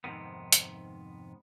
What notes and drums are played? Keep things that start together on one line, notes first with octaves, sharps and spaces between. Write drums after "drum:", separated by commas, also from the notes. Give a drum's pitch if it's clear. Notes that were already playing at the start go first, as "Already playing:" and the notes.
F2 G#2 C3 D#3 B3
drum: hi-hat